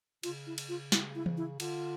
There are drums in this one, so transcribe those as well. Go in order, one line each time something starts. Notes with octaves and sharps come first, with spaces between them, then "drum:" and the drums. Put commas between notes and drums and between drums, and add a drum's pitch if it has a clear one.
C#3 F4, drum: cymbal
E4
drum: cymbal
F4
E4, drum: snare
E4
drum: tom E3
E4
D3 F4, drum: cymbal